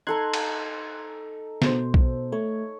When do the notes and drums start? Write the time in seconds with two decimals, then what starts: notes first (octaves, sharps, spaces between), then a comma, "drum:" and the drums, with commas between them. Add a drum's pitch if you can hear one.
0.07 D#4 A4 A#5 C6 F#6 G#6
0.34 drum: cymbal
1.62 B2 C5, drum: snare
1.94 drum: kick B1
2.32 A3 C#5